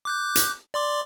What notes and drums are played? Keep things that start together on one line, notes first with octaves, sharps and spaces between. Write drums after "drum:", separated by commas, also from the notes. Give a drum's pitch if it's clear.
D6 F#6 G6
drum: hi-hat
D5 C6 D6